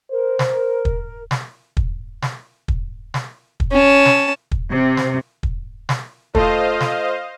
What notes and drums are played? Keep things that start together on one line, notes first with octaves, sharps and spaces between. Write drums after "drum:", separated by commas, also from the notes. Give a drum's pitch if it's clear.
A#4 C5
drum: snare
drum: kick
drum: snare
drum: kick
drum: snare
drum: kick
drum: snare
drum: kick
C#4 A5
drum: snare
drum: kick
C3
drum: snare
drum: kick
drum: snare
A3 F4 C5 D#5 F5, drum: kick
drum: snare